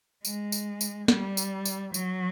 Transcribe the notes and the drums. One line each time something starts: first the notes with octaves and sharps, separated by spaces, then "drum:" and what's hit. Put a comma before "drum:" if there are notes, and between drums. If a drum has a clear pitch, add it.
G#3, drum: tambourine
drum: tambourine
drum: tambourine
G3, drum: snare
drum: tambourine
drum: tambourine
F#3, drum: tambourine